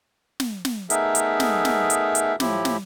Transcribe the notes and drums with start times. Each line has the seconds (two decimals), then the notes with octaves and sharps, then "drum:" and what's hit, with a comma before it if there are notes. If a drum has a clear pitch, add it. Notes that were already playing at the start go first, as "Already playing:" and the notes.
0.40 drum: snare
0.65 drum: snare
0.90 A3 B3 D#4 G#4 A#4 E5, drum: hi-hat
1.15 drum: hi-hat
1.40 drum: snare
1.65 drum: snare
1.90 drum: hi-hat
2.15 drum: hi-hat
2.40 A2 F3 E4 G4, drum: snare
2.65 drum: snare